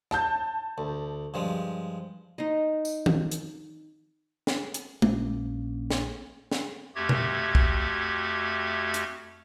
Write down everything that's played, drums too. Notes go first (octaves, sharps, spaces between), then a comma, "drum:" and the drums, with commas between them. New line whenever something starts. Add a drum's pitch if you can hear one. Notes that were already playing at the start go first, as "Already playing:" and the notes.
A5 G6, drum: rim click
D2
G2 F3 G#3
D#4 C5 D#5
drum: tambourine
drum: tom D#3
drum: hi-hat
drum: snare
drum: hi-hat
A#1 A#3 C#4, drum: tom G#3
drum: snare
drum: snare
F2 A3 F#4 G4 G#6
drum: tom B2
drum: kick
drum: hi-hat